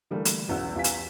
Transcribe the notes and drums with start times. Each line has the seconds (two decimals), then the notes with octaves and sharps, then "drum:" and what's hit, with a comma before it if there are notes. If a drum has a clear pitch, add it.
0.11 D3 E3 G3 A3 A#3
0.25 drum: hi-hat
0.48 B1 E2 C#4 F#5 E6
0.75 E2 F4 G4 F5 G#5 B6
0.84 drum: hi-hat